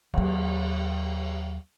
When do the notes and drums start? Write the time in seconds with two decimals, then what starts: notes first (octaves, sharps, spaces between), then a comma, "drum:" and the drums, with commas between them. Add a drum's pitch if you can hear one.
0.14 D#2 F#3, drum: cymbal